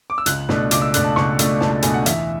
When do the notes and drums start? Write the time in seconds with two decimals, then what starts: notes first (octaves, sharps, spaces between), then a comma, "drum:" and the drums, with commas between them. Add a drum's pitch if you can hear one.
0.10 D6
0.18 E6
0.26 C#2 F#6, drum: hi-hat
0.49 B2 A3 D4, drum: snare
0.71 C#2 D6, drum: hi-hat
0.82 E6
0.94 B2 A3 D4 F#6, drum: hi-hat
1.04 A5
1.16 C#2 C#6, drum: snare
1.39 B2 A3 D4, drum: hi-hat
1.61 C#2 A5, drum: snare
1.72 A5
1.82 B2 A3 D4 G#5, drum: hi-hat
1.94 F#5
2.06 E2 E5, drum: hi-hat